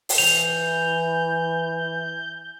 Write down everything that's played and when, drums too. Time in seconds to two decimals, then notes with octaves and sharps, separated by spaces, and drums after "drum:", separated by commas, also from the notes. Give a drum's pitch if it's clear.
0.09 drum: open hi-hat
0.18 E3 G6 F7